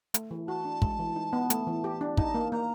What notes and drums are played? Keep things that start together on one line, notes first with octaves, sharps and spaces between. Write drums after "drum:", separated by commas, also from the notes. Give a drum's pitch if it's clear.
A3, drum: hi-hat
E3
F#4 A5
D4
G#3, drum: kick
E3
D#4
B3
A3, drum: hi-hat
E3
G4
D4
D#4 A5, drum: kick
A#3
A#3 A#5